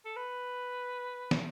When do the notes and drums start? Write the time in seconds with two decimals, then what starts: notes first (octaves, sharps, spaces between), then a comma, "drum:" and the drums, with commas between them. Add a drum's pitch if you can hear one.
0.05 A4
0.16 B4
1.31 drum: snare